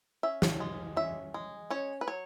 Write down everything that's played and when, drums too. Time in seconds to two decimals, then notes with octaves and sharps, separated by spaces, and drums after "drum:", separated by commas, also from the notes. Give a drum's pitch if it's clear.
0.23 C#4 E5
0.42 drum: snare
0.60 G#3
0.96 C#4 E5
1.34 G#3
1.70 C#4 C#5
2.01 B4
2.07 F#3 C#5